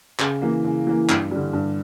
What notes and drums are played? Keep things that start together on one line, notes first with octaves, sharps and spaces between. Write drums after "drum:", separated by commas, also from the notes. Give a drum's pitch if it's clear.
C#3, drum: clap
E3 A#3
C#3
E3 A#3
G2, drum: clap
D3 G3
G2